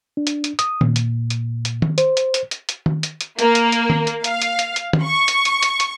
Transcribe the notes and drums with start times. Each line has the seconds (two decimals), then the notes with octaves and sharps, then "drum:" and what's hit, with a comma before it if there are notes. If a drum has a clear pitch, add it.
0.17 D4
0.27 drum: hi-hat
0.44 drum: hi-hat
0.59 D#6, drum: hi-hat
0.81 A#2, drum: tom D#3
0.96 drum: hi-hat
1.30 drum: hi-hat
1.65 drum: hi-hat
1.82 drum: tom D#3
1.98 C5, drum: hi-hat
2.17 drum: hi-hat
2.34 drum: hi-hat
2.51 drum: hi-hat
2.69 drum: hi-hat
2.86 drum: tom D#3
3.03 drum: hi-hat
3.21 drum: hi-hat
3.39 A#3, drum: hi-hat
3.55 drum: hi-hat
3.72 drum: hi-hat
3.90 drum: tom D#3
4.07 drum: hi-hat
4.24 F5, drum: hi-hat
4.42 drum: hi-hat
4.59 drum: hi-hat
4.76 drum: hi-hat
4.93 drum: tom
5.03 C#6
5.28 drum: hi-hat
5.45 drum: hi-hat
5.63 drum: hi-hat
5.80 drum: hi-hat